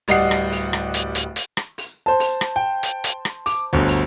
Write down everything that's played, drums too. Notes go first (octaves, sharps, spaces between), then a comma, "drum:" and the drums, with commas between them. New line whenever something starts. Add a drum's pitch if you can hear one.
D1 G3 D#5 F#5 C7, drum: open hi-hat
drum: rim click
drum: open hi-hat
drum: rim click
drum: hi-hat
drum: hi-hat
drum: hi-hat
drum: rim click
drum: open hi-hat
C5 A5
drum: open hi-hat
drum: rim click
G5
drum: hi-hat
drum: hi-hat
drum: rim click
D6, drum: open hi-hat
G1 D2
drum: open hi-hat